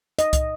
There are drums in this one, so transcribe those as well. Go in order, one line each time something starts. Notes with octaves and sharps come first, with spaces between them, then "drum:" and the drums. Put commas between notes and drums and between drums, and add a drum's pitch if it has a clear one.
D#5, drum: hi-hat
drum: kick C2, hi-hat